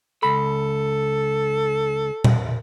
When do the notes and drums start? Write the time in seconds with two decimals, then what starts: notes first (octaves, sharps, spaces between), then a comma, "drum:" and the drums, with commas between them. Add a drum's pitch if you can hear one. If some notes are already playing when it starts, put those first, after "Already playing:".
0.23 C#2 A4 B5
2.24 drum: tom A#2